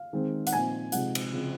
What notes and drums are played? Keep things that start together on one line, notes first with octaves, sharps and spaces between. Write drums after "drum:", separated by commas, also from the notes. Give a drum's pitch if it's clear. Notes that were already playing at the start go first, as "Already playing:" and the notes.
Already playing: F5
D#3 G#3 C4
F#5, drum: hi-hat
A#2 F3 C4 D#4 G#5
C3 F3 G#3 D#4 F#5, drum: hi-hat
drum: cymbal
C#3 F3 C4